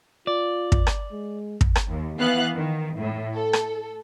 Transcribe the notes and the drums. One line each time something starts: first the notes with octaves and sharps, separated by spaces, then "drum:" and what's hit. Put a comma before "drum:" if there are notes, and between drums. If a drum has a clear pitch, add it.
F4 D5
drum: kick
drum: rim click
G#3
drum: kick
drum: rim click
D#2
E3 B3 F5 F#6
D#3
A2
A4
drum: rim click